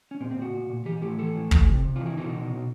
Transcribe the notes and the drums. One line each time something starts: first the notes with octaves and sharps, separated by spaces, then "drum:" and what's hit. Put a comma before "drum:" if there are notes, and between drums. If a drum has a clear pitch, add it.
C#4
A#2 C4
C4
A#2
F#4
A#2
A#2
E3 G4
A2 G4
E3 A4
A2
E3, drum: kick
C3
C3
F4
E3
E4
B2 D#4
B2
B2